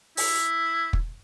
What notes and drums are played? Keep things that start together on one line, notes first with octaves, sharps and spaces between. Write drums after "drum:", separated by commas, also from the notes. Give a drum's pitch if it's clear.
E4, drum: open hi-hat
drum: kick